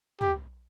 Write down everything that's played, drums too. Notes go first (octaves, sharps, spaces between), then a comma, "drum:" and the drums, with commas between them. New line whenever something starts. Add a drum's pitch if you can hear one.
G4, drum: tom